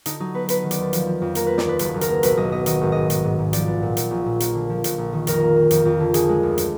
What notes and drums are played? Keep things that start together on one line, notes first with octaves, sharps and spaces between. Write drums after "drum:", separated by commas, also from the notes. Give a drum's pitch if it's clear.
D3 D#4, drum: hi-hat
F#3 D#4
B3 B4
B3 B4, drum: hi-hat
D#3
D5, drum: hi-hat
D#2
F3, drum: hi-hat
F3
F2
A#3 A#4, drum: hi-hat
A#3 B4
D5, drum: snare
D#2 B4
F#1 B4, drum: hi-hat
F#1
A#4, drum: hi-hat
A#3
B1 B4, drum: hi-hat
B1 D#5
B3 D#5
D#3 D#5, drum: hi-hat
G#1
G#2 D#5
G#2, drum: hi-hat
G#2
G#2
F3 D5, drum: hi-hat
B3
A#2
A#2, drum: hi-hat
A#1
A#2
A#3, drum: hi-hat
D3
F3
A#1, drum: hi-hat
A#1
D#3
F2 A#4, drum: hi-hat
A#3
A#3
F2, drum: hi-hat
F2
D3
D3 G#4, drum: hi-hat
G#3
D2
drum: hi-hat